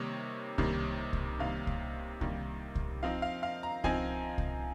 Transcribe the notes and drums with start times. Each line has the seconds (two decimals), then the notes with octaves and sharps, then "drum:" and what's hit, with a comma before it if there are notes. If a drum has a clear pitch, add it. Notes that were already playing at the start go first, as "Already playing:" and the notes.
Already playing: C3 D#3 G3 A#3 C#5
0.58 C3 D#3 G3 A#3, drum: kick C2
1.13 drum: kick C2
1.39 C3 D#3 G3 A#3 F5
1.67 drum: kick C2
2.21 C3 D#3 G3 A#3, drum: kick C2
2.75 drum: kick C2
3.03 F3 C4 D#4 F5
3.22 F5
3.43 F5
3.63 A#5
3.84 F3 C4 D#4 G#5, drum: kick C2
4.38 drum: kick C2